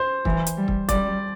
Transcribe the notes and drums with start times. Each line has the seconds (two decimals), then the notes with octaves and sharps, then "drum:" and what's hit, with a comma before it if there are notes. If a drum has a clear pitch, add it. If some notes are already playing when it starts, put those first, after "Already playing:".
Already playing: C5
0.25 E3, drum: kick
0.47 drum: hi-hat
0.57 G3
0.68 drum: kick
0.89 G3 D5, drum: kick, hi-hat